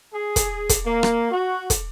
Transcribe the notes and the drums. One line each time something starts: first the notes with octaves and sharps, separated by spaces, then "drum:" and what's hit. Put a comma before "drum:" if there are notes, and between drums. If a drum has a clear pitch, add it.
G#4
drum: kick, hi-hat
drum: kick, hi-hat
A#3
drum: rim click
F#4
drum: kick, hi-hat